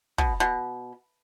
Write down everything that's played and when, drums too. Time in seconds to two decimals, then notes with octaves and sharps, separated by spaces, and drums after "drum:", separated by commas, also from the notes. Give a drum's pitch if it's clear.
0.18 B2, drum: kick
0.40 B2